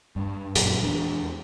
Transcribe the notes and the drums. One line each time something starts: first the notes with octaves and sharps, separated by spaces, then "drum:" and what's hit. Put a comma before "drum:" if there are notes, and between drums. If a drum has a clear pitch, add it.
G2
F#2 A#2, drum: hi-hat
E2 D4